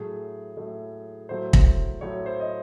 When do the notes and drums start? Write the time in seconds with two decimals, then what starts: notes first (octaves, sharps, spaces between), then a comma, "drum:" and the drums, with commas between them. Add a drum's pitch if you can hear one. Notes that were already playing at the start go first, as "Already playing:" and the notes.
Already playing: A2 F#3 A3 G#4
0.57 A2 F#3 A3
1.29 A2 F#3 A3 C5
1.53 drum: kick
2.01 A2 F#3 A3 C#5
2.26 C5
2.40 D#5